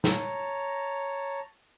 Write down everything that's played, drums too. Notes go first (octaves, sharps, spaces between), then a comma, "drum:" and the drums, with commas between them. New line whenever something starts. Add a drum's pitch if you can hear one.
C#5 A5 A#5, drum: snare